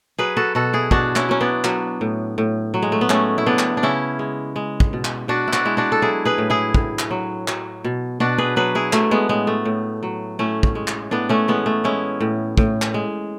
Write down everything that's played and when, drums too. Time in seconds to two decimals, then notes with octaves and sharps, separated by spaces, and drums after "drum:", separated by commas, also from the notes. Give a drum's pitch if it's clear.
0.19 F#3 G#4 B4
0.37 F#4 A4
0.55 B2 F#4 A4
0.73 E4 G#4
0.91 B2 D4 F#4, drum: kick
1.16 C#4 E4, drum: clap
1.29 F#3 C#4
1.41 B3 D4
1.64 F#3, drum: clap
2.01 A2
2.38 A2
2.74 F#3
2.82 G#3
2.92 A3
3.01 B3
3.10 G#3 A3 C#4, drum: clap
3.38 E4
3.46 C#3 B3 D4
3.59 drum: clap
3.77 D4
3.83 C#3 C#4 E4
4.19 G#3
4.56 G#3
4.80 drum: kick
4.93 B2
5.05 drum: clap
5.28 B2 D4 F#4
5.48 E4
5.53 D4 F#4, drum: clap
5.65 G#3 E4
5.77 D4 F#4
5.92 A4
6.02 F#3 E4 G#4
6.25 G#4 B4
6.38 A2
6.50 E4 G#4
6.75 A2, drum: kick
6.99 drum: clap
7.11 F#3
7.48 F#3, drum: clap
7.84 B2
8.20 B2 D4 F#4
8.38 G#4 B4
8.56 F#3 G#4 B4
8.75 E4 G#4
8.93 F#3 A3, drum: clap
9.11 G#3 B3
9.29 A2 G#3
9.47 A3
9.65 A2
10.03 F#3
10.39 A2 A3 C#4
10.63 drum: kick
10.75 G#3
10.88 drum: clap
11.11 A2 B3 D4
11.29 A3 C#4
11.48 E3 G#3 B3
11.66 A3
11.84 G#3 C#4 E4
12.21 A2
12.58 A2, drum: kick
12.82 drum: clap
12.94 G#3